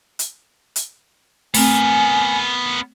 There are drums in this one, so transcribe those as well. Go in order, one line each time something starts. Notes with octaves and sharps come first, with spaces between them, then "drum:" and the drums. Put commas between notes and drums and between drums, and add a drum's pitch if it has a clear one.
drum: hi-hat
drum: hi-hat
A3 B3 C4 A#4 G#5, drum: open hi-hat